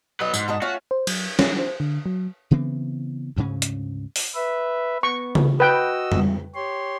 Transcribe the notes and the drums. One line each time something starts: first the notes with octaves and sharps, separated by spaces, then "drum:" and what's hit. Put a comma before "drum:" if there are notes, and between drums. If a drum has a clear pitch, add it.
F#3 F#4 B4 D#5
G#2, drum: tambourine
F#4 A4 D#5
A3 C#4 F4 F#4
C5
F#3, drum: cymbal
C#5, drum: snare
C5
D3
F#3
C#3 E3 B3 C4
D2 G#2 C#3 C#4
drum: hi-hat
drum: open hi-hat
B4 E5
B3 C#6
drum: tom C#3
F#4 B4 D#5 G5 E6
drum: tom
G4 C#5 C6